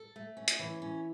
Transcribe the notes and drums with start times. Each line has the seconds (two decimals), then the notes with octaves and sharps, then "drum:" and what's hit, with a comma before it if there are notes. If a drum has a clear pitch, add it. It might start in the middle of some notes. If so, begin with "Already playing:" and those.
Already playing: A4
0.16 A3
0.37 C#4
0.48 drum: hi-hat
0.59 E3
0.82 C#4